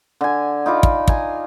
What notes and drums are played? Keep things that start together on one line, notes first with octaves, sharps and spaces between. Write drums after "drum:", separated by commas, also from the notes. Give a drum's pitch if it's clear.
D3 G#5
D#4 F4 B5 D6
drum: kick
G#5 A#5, drum: kick